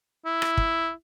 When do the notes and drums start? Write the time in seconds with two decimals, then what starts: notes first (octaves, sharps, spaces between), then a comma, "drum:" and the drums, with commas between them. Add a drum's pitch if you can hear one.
0.26 E4
0.42 drum: rim click
0.57 drum: kick